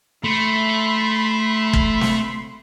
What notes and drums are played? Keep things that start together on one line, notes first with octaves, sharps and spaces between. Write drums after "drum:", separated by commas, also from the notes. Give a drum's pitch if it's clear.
A3 B5 C6
drum: kick
drum: snare